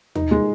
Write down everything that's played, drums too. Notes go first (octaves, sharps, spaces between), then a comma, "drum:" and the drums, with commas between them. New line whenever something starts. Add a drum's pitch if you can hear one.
D#4, drum: tom D#2
G#3